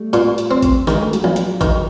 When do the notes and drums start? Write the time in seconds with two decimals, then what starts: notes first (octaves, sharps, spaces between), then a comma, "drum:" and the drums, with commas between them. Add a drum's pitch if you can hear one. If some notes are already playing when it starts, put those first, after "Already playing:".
Already playing: G3 A3
0.13 A#2, drum: hi-hat
0.38 drum: hi-hat
0.51 C4
0.62 drum: kick A1, hi-hat
0.87 D#3 G#3, drum: snare
1.00 A3
1.13 F#3 G#3, drum: hi-hat
1.24 A#1
1.36 drum: hi-hat
1.61 D#3, drum: kick A1, hi-hat